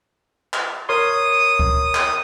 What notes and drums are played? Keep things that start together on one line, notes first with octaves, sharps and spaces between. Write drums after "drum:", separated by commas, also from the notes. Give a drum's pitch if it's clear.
drum: clap
A#4 C#5 C6 D#6
drum: kick C#2
drum: clap